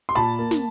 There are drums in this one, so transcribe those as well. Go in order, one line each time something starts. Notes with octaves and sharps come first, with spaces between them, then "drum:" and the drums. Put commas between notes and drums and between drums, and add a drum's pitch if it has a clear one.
C6
A#2 A5 B5
A#3
drum: snare